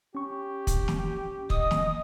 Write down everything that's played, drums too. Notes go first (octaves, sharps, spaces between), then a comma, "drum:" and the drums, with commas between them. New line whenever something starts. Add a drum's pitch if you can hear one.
C#4 G4 C#6
drum: kick, hi-hat
drum: snare
D#5 D#6, drum: kick
drum: snare